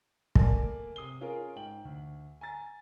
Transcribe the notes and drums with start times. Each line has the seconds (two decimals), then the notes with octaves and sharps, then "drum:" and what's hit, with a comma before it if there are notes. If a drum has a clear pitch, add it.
0.35 A3 A#3 A#4 D5 G#5 A5, drum: kick
0.96 C3 D#6 C7 G7
1.21 C#4 F4 G#4 A#4
1.56 G#2 G5 F#7
1.85 D2
2.41 G#5 A#5 A6